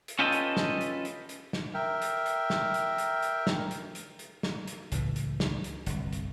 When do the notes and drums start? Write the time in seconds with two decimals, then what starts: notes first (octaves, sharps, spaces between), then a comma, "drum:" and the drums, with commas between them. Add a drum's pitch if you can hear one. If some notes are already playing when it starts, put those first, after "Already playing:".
0.08 drum: hi-hat
0.19 C#4 F4 G4 A4 B4 D#5
0.32 drum: hi-hat
0.57 drum: snare
0.81 drum: hi-hat
1.05 drum: hi-hat
1.29 drum: hi-hat
1.53 drum: snare
1.74 A#4 E5 G5
2.02 drum: hi-hat
2.26 drum: hi-hat
2.50 drum: snare
2.74 drum: hi-hat
2.98 drum: hi-hat
3.23 drum: hi-hat
3.47 drum: snare
3.71 drum: hi-hat
3.95 drum: hi-hat
4.19 drum: hi-hat
4.43 drum: snare
4.68 drum: hi-hat
4.92 C#2 A2 E3, drum: hi-hat
5.16 drum: hi-hat
5.40 drum: snare
5.64 drum: hi-hat
5.86 G1 C2, drum: hi-hat
6.13 drum: hi-hat